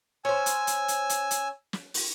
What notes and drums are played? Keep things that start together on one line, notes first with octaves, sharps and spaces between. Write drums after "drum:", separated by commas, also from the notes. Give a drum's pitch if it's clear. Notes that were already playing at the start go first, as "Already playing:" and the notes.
C#4 C5 G#5 E6
drum: hi-hat
drum: hi-hat
drum: hi-hat
drum: hi-hat
drum: hi-hat
drum: snare
drum: open hi-hat